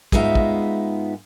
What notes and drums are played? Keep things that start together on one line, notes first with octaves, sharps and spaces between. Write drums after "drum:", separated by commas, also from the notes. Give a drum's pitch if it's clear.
G#2 G#3 B3 D#4 F4 E5, drum: kick
drum: kick